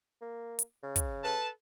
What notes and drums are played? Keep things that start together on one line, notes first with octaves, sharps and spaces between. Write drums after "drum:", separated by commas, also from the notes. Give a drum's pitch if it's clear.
A#3
drum: hi-hat
C#3
drum: kick, hi-hat
A4 B4 A5